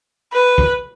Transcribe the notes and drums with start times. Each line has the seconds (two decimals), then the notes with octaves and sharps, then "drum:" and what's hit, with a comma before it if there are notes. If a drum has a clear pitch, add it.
0.32 B4
0.58 drum: kick